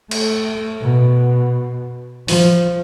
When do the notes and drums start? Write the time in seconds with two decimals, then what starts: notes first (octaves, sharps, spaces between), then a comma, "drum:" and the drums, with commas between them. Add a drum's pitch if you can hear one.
0.11 A3, drum: cymbal
0.82 B2
2.28 F3, drum: open hi-hat